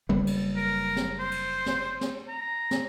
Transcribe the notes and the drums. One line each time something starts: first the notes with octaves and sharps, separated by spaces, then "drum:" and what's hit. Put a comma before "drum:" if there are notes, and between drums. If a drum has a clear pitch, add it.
F#1 G3 B3
drum: cymbal
A#4
drum: snare
C5
drum: cymbal
drum: snare
drum: snare
A#5
drum: snare